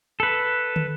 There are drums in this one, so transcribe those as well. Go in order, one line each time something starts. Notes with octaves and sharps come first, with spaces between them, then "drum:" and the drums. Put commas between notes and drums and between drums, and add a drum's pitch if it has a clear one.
A4 B4
drum: tom